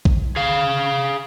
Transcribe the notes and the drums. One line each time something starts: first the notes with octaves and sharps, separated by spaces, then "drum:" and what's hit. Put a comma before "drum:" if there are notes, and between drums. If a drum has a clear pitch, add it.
drum: kick A#1
G#4 F5